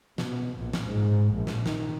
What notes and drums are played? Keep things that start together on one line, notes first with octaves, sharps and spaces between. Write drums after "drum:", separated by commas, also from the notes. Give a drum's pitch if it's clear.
B2, drum: snare
A#1
drum: snare
G#2
A#1
drum: snare
D#3, drum: snare